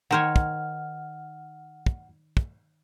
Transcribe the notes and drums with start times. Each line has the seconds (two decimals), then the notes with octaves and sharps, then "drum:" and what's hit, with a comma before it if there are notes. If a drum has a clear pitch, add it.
0.11 D#3 C5 C#5 F#5 F6
0.36 drum: kick
1.86 drum: kick
2.37 drum: kick